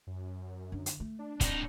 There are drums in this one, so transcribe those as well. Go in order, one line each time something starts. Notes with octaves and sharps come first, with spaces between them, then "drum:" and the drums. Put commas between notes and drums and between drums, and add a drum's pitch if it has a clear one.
F#2
D3
drum: hi-hat
A3
D4
A2 C4 D#4, drum: kick, hi-hat